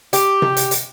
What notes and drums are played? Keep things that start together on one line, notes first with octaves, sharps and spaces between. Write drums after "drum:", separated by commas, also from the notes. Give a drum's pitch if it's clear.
G4, drum: hi-hat
drum: tom C3
drum: hi-hat
drum: hi-hat